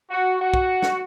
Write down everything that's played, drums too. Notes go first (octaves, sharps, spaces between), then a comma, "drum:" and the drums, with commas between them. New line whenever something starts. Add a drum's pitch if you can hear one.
F#4
F#4
drum: kick
drum: snare